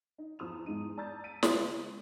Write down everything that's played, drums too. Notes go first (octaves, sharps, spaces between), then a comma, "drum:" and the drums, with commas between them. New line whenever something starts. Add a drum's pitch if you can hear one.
D#4
E2 F3 B5 D#6 E7 F7
E2 G#2 G#3 D#4 D#7
D5 A5 A#5 E6 G6 A6
E6 A6 B6 D7 D#7
C#2, drum: snare